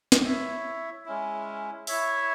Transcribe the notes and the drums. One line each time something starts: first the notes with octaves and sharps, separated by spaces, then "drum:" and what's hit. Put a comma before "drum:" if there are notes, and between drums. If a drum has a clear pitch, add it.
drum: snare
E4 C#5 E5
G#3 C#4 E4
E4 C#5 E5, drum: open hi-hat